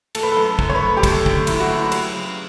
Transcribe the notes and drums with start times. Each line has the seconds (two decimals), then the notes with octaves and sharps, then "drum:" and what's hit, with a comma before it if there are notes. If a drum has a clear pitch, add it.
0.15 A3 A4, drum: cymbal
0.23 B4
0.32 A4
0.37 F#2
0.44 A4
0.59 F#2, drum: kick
0.70 C#5
0.75 B4
0.82 A3
0.97 G4
1.03 A3 A4, drum: kick, cymbal
1.26 D3, drum: kick
1.47 F#2 E4, drum: cymbal
1.60 F#4
1.70 A3 E4
1.92 F#3, drum: cymbal
2.13 C#3